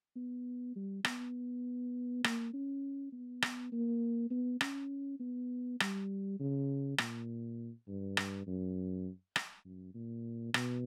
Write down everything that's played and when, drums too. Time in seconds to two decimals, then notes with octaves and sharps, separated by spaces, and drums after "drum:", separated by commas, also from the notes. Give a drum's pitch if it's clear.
0.16 B3
0.76 G3
1.05 B3, drum: rim click
2.24 A#3, drum: rim click
2.54 C#4
3.13 B3
3.42 drum: rim click
3.72 A#3
4.31 B3
4.61 C#4, drum: rim click
5.20 B3
5.80 G3, drum: rim click
6.40 C#3
6.98 A#2, drum: rim click
7.88 G2
8.17 drum: rim click
8.47 F#2
9.36 drum: rim click
9.65 F#2
9.94 A#2
10.54 B2, drum: rim click